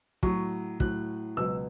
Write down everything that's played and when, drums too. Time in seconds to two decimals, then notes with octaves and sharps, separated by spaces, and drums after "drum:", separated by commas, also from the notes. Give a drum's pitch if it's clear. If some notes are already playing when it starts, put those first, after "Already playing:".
0.23 A2 F#3 C#6, drum: kick
0.80 A2 F#3 F#6, drum: kick
1.37 C#2 B2 F#3 E6